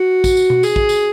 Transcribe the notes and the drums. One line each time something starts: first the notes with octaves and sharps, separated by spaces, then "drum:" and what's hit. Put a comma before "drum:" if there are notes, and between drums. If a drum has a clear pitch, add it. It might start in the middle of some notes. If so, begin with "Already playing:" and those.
Already playing: F#4
drum: kick, tambourine
drum: tambourine
drum: tom B2
G#4, drum: tambourine
drum: kick
drum: tambourine